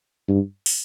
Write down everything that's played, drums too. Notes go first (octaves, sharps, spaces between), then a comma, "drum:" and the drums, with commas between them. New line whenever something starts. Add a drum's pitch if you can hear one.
G2
drum: open hi-hat